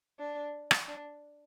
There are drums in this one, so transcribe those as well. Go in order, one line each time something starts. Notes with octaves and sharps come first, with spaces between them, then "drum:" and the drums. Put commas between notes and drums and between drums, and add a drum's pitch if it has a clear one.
D4
drum: rim click
D4